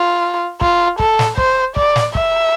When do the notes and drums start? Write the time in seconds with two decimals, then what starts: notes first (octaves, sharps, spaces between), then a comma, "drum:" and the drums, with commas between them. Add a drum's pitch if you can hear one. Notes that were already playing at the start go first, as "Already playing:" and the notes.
Already playing: F4
0.61 F4, drum: kick
0.99 A4, drum: kick
1.19 drum: snare
1.38 C5, drum: kick
1.76 D5, drum: kick
1.96 drum: snare
2.15 E5, drum: kick